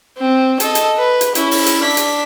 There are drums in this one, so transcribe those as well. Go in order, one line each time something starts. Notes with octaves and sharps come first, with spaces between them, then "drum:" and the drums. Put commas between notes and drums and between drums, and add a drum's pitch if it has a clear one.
C4
A4 D#5, drum: hi-hat
drum: hi-hat
B4
drum: hi-hat
C#4 E4, drum: hi-hat
drum: open hi-hat
drum: hi-hat
D4 B6
drum: hi-hat